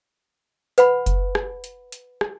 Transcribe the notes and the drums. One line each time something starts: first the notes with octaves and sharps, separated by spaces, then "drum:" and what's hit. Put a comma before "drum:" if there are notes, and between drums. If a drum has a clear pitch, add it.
B4 F#5 B5, drum: hi-hat
drum: kick F#1, hi-hat
drum: rim click
drum: hi-hat
drum: hi-hat
drum: rim click